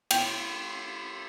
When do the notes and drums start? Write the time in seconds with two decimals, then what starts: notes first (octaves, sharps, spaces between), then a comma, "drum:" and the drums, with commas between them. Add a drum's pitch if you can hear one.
0.11 G5, drum: cymbal